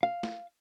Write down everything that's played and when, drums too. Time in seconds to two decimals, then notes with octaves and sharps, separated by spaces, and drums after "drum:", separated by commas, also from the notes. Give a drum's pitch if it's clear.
0.03 F5
0.23 drum: snare